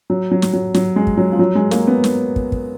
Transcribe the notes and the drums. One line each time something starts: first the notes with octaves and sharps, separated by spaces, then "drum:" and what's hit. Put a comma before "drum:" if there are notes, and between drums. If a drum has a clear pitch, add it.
F#3
F#3
drum: snare
F#3
F#3, drum: snare
G#3
drum: kick
F#3
F3
F#3
G#3
A#3, drum: snare
B3
drum: snare
drum: kick
drum: kick